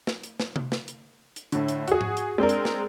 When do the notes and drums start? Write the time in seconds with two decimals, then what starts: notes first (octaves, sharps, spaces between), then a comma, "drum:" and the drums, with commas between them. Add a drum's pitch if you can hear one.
0.07 drum: snare
0.23 drum: hi-hat
0.40 drum: snare
0.56 drum: tom C3
0.72 drum: snare
0.88 drum: hi-hat
1.36 drum: hi-hat
1.52 A2 D3, drum: hi-hat
1.68 drum: hi-hat
1.88 F#4 G#4, drum: hi-hat
2.01 drum: tom G#2
2.17 drum: hi-hat
2.38 G#3 C4 D4 A#4
2.49 drum: hi-hat
2.65 drum: snare